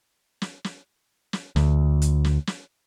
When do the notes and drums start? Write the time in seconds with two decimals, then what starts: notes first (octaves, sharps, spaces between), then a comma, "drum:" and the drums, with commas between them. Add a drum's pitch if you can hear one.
0.42 drum: snare
0.64 drum: snare
1.33 drum: snare
1.56 D2, drum: snare
2.02 drum: hi-hat
2.24 drum: snare
2.47 drum: snare